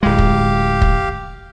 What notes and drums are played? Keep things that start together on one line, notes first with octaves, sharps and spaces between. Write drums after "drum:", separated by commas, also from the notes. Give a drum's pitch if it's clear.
D1 G#3 G4 F5
drum: kick
drum: kick